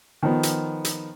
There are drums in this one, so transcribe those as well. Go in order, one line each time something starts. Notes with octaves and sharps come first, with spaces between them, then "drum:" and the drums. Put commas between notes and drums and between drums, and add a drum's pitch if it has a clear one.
D#3 F3 B3
drum: hi-hat
drum: hi-hat